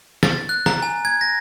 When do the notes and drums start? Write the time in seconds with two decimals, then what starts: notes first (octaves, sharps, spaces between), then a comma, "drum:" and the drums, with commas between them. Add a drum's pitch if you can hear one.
0.23 A6, drum: snare
0.49 F#6
0.66 A#5, drum: snare
0.82 G#5
1.05 G#6
1.21 A#6